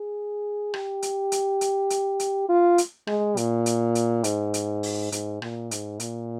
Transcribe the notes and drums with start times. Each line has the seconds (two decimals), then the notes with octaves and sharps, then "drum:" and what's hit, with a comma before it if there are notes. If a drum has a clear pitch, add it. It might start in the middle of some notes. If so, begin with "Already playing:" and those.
Already playing: G#4
0.74 G4, drum: rim click
1.02 drum: hi-hat
1.32 drum: hi-hat
1.61 drum: hi-hat
1.90 drum: hi-hat
2.20 drum: hi-hat
2.49 F4
2.78 drum: hi-hat
3.07 G#3, drum: rim click
3.37 A#2, drum: hi-hat
3.66 drum: hi-hat
3.95 drum: hi-hat
4.24 G#2, drum: hi-hat
4.54 drum: hi-hat
4.83 drum: open hi-hat
5.12 G#2, drum: hi-hat
5.42 A#2, drum: rim click
5.71 G#2, drum: hi-hat
6.00 A#2, drum: hi-hat